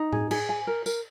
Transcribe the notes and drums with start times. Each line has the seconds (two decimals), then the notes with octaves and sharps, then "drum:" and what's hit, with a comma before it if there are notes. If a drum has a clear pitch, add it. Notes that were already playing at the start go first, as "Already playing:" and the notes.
Already playing: D#4
0.12 G#4, drum: tom A2
0.31 G#4, drum: cymbal
0.49 G#5
0.67 A#4
0.86 A#4, drum: tambourine